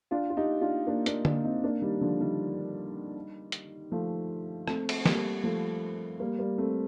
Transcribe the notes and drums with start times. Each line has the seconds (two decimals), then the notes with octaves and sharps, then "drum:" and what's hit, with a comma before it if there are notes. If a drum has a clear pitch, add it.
0.11 D4 F4
0.30 F4
0.37 D#4 G4
0.61 D4 F4
0.87 A#3 D4
1.06 A#3 D4, drum: hi-hat
1.25 A#3 D4, drum: tom D3
1.44 C4 D#4
1.64 A#3 D4
1.82 D#3 G3
2.01 D3 F3
2.20 D#3 G3
3.52 drum: hi-hat
3.92 F3 A3
4.68 A3 C4, drum: rim click
4.89 drum: cymbal
5.06 G3 A#3, drum: snare
5.44 F3 A3
6.20 G3 A#3
6.39 G3 A#3
6.58 A3 C4